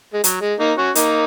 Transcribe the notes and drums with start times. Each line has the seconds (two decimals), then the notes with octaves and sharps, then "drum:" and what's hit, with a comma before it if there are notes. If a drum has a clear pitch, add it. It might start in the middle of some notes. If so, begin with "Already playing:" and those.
0.14 G#3
0.24 F#3, drum: hi-hat
0.42 G#3
0.59 A#3 D#4
0.77 C#4 F#4
0.95 A#3 D#4, drum: hi-hat